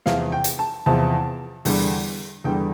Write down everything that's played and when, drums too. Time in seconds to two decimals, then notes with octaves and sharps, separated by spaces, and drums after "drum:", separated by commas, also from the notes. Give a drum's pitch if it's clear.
0.06 E2 C3 F3 F5, drum: snare
0.32 G5
0.44 drum: hi-hat
0.59 A5
0.86 E2 C3 F3 A5
1.65 E2 D3 G3, drum: open hi-hat
2.44 E2 D3 G3 G5